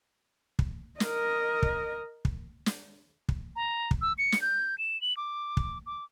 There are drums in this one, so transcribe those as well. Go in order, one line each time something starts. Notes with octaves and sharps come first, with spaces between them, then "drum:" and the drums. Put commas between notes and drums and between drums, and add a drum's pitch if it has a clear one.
drum: kick
A#4 D#5, drum: snare
drum: kick
drum: kick
drum: snare
drum: kick
A#5
drum: kick
E6
C#7
drum: snare
G6
E7
F#7
D6
drum: kick
D6